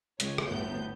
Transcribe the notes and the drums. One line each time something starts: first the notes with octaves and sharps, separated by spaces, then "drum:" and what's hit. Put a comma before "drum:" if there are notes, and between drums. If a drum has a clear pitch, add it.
C#2 G#3 C#5, drum: hi-hat
drum: rim click
G1 D2 A2 B3 G6